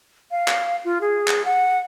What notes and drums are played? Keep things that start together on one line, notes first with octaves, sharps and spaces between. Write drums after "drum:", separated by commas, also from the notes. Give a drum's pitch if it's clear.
F5
drum: clap
F4
G#4
drum: clap
F#5